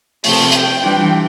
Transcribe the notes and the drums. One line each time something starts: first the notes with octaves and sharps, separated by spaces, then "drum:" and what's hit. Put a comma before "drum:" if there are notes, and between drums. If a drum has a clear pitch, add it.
C3 F3 A3, drum: open hi-hat
G5, drum: hi-hat
E3 G3 D4 F4